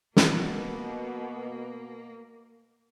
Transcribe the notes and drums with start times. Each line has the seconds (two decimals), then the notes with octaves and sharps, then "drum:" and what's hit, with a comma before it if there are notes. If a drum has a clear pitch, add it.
0.16 B2 A#3, drum: snare